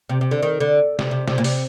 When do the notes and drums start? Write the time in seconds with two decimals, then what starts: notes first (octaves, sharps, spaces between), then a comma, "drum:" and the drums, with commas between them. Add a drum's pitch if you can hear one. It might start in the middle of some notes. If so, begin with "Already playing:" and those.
0.09 C3
0.21 C3
0.31 D3
0.43 D#3
0.60 D3
0.99 C3, drum: snare
1.11 C3
1.28 C3, drum: snare
1.38 A#2
1.44 C3, drum: open hi-hat